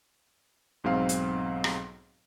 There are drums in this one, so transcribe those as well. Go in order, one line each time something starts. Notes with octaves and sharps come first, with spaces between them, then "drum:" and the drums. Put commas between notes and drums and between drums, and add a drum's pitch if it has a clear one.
B1 G#2 F#3 C4 F5
drum: hi-hat
drum: rim click